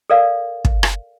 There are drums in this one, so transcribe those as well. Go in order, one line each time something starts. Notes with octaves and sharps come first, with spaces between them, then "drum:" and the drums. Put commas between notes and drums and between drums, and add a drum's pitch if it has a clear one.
A4 A#4 D5 F5
drum: kick
drum: rim click